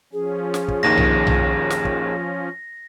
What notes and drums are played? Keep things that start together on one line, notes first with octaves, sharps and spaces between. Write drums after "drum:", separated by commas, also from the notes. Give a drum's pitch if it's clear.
F3 C#4 G#4
drum: snare
drum: kick
A#1 D#2 D#3 A#6
drum: tom B1
drum: tom B1
drum: snare
drum: kick